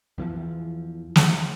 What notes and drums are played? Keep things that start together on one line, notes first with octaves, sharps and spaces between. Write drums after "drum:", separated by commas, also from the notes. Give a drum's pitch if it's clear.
E2 E3 F3
drum: snare